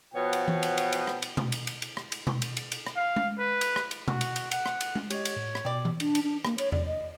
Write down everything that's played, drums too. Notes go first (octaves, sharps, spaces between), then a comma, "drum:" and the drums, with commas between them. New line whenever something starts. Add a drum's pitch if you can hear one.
B2 F3 B3 C#5 F#5 G5
drum: cymbal
drum: tom E3
drum: cymbal
drum: cymbal
drum: cymbal
drum: rim click
drum: cymbal
drum: tom B2
drum: cymbal
drum: cymbal
drum: cymbal
drum: rim click
drum: cymbal
drum: tom B2
drum: cymbal
drum: cymbal
drum: cymbal
drum: rim click
F5
drum: tom G#3
B4
drum: cymbal
drum: rim click
drum: cymbal
F#4, drum: tom B2
drum: cymbal
drum: cymbal
F#5, drum: cymbal
drum: rim click
drum: cymbal
drum: tom G#3
G4 C#5 D#5, drum: cymbal
drum: cymbal
A2
drum: rim click
B2 G4 D5
drum: tom E3
D4, drum: cymbal
drum: cymbal
D4
A#3, drum: rim click
C#5, drum: cymbal
D5, drum: tom E2
D#5